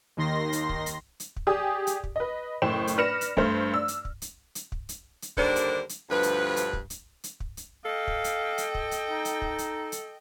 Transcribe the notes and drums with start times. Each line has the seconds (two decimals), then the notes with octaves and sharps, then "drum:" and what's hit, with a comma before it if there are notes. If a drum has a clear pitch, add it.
0.17 D#2 D#3 C6 A#6
0.53 drum: hi-hat
0.69 drum: kick
0.86 drum: hi-hat
1.20 drum: hi-hat
1.36 drum: kick
1.47 G4 G#4 D5 D#6
1.87 drum: hi-hat
2.04 drum: kick
2.16 B4 D#5
2.62 F#1 A2 C5 G5 E7
2.87 drum: hi-hat
2.97 D4 B4 F6 A#6 C#7 E7
3.21 drum: hi-hat
3.37 G2 A3 C5, drum: kick
3.74 D4 E6
3.88 drum: hi-hat
4.05 drum: kick
4.22 drum: hi-hat
4.55 drum: hi-hat
4.72 drum: kick
4.89 drum: hi-hat
5.22 drum: hi-hat
5.37 D#2 D3 G3 D4 A#4 C5, drum: kick
5.56 drum: hi-hat
5.89 drum: hi-hat
6.10 D2 G2 F3 B4
6.23 drum: hi-hat
6.56 drum: hi-hat
6.73 drum: kick
6.90 drum: hi-hat
7.24 drum: hi-hat
7.40 drum: kick
7.57 drum: hi-hat
7.85 A4 D#5 F5 G5
8.07 drum: kick
8.24 drum: hi-hat
8.58 drum: hi-hat
8.75 drum: kick
8.91 drum: hi-hat
9.08 D#4
9.25 drum: hi-hat
9.42 drum: kick
9.58 drum: hi-hat
9.92 drum: hi-hat